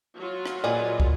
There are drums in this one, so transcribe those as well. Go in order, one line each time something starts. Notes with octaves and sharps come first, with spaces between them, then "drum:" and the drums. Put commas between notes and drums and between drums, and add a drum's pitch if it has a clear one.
F#3 F4
drum: rim click
A#2 G#4 B4 D5 D#5
drum: kick